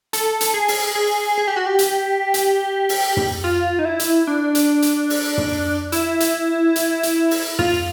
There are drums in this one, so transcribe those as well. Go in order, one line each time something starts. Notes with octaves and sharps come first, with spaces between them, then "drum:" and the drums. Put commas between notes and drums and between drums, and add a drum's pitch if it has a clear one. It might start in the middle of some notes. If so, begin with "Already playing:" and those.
A4, drum: hi-hat
drum: hi-hat
G#4
drum: open hi-hat
G#4
G#4
G4
F#4
G4
drum: hi-hat
drum: hi-hat
drum: open hi-hat
drum: tom
F4
D#4
E4
drum: hi-hat
D4
drum: hi-hat
drum: hi-hat
drum: open hi-hat
drum: tom
E4, drum: hi-hat
drum: hi-hat
drum: hi-hat
drum: hi-hat
drum: open hi-hat
F4, drum: tom